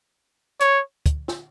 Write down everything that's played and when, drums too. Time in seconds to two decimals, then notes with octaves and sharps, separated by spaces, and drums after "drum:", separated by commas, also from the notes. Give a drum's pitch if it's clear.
0.60 C#5, drum: hi-hat
1.06 drum: kick, hi-hat
1.28 drum: snare